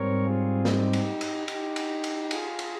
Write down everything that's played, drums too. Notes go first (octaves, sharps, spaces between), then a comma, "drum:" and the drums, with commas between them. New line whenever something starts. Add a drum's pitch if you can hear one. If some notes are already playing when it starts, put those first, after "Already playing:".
Already playing: G#2 G3 C4 A#4 C#5
F4 G#4
D#4 G4, drum: snare
drum: cymbal
drum: cymbal
D#4 G4, drum: cymbal
drum: cymbal
drum: cymbal
F4 G#4, drum: cymbal
drum: cymbal